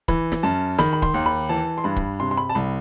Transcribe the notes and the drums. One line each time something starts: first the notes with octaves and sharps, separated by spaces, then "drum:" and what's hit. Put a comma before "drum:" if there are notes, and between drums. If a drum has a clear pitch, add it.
E3 B5, drum: kick
drum: snare
F#2 A5
D#3 B5, drum: snare
B5
C6, drum: kick
D#2
B5
E3 A5
C6
G2 B5
drum: kick
C3 C6
C6
B5
A5
C2 B5